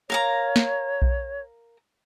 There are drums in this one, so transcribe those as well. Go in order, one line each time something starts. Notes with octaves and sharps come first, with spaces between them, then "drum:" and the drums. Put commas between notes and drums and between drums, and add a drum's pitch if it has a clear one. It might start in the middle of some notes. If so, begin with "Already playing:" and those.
A#4 C#5 F5 A#5
drum: snare
drum: kick B1